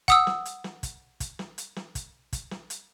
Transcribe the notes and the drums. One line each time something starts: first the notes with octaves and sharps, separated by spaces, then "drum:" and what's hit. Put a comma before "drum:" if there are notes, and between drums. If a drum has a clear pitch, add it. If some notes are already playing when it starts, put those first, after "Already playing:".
F#5 D#6 E6, drum: kick, hi-hat
drum: snare
drum: hi-hat
drum: snare
drum: kick, hi-hat
drum: kick, hi-hat
drum: snare
drum: hi-hat
drum: snare
drum: kick, hi-hat
drum: kick, hi-hat
drum: snare
drum: hi-hat